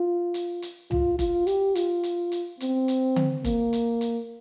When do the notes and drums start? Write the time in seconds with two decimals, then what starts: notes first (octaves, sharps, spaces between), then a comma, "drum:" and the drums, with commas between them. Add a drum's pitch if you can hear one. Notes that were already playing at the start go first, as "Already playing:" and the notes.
Already playing: F4
0.34 drum: hi-hat
0.62 drum: hi-hat
0.91 F4, drum: tom
1.19 F4, drum: kick F1, hi-hat
1.47 G4, drum: hi-hat
1.75 F4, drum: hi-hat
2.03 drum: hi-hat
2.32 drum: hi-hat
2.60 C4, drum: hi-hat
2.88 drum: hi-hat
3.16 drum: tom D3
3.45 A#3, drum: kick F1, hi-hat
3.73 drum: hi-hat
4.01 drum: hi-hat